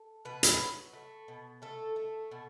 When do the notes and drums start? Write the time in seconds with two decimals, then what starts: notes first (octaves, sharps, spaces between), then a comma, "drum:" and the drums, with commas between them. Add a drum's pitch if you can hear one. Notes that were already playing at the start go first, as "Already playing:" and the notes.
Already playing: A4
0.25 B2 B4
0.43 drum: hi-hat
0.59 F#3
0.93 A3
1.28 B2
1.62 A3 A4
1.96 A3
2.31 B2